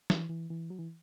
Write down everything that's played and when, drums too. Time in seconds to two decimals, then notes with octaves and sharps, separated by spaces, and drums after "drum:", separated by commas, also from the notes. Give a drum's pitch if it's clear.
0.10 E3, drum: snare
0.29 E3
0.50 E3
0.70 F#3
0.79 E3